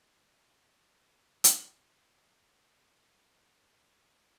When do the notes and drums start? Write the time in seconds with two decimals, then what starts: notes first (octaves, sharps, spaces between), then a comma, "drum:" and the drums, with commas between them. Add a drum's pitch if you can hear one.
0.12 C5
0.25 C5
0.31 B4
1.44 drum: hi-hat
2.01 A#4
2.20 A4
2.38 G4
2.57 C#4
2.76 C#4
2.95 C4
3.14 B3
3.32 B3
3.46 D4
3.51 C#4
3.70 D4
3.80 C#4
3.89 D4
3.98 E4
4.08 D#4